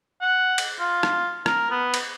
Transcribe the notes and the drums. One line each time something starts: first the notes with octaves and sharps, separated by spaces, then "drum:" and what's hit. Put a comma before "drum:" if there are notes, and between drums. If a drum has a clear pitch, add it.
F#5
drum: cymbal
F4
drum: rim click
A#4, drum: rim click
B3
drum: cymbal